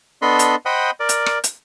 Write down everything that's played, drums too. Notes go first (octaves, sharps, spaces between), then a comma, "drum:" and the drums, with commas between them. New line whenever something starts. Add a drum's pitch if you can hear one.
B3 D4 A4 D#5 B5 C6
drum: hi-hat
C5 D#5 F#5 G5 B5 D#6
A#4 D5
drum: hi-hat
drum: rim click
drum: hi-hat